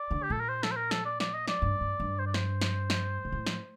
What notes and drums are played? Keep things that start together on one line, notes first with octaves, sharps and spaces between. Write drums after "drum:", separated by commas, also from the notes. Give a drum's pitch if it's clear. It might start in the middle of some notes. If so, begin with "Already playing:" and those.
Already playing: D5
D3
G4
A#2 A4
A#4
C5
A4, drum: snare
C5
A#4
A4, drum: snare
D5
D5, drum: snare
D#5
D5, drum: snare
G2
G2
G2
C5
D5
C5, drum: snare
drum: snare
drum: snare
A#2
A2
drum: snare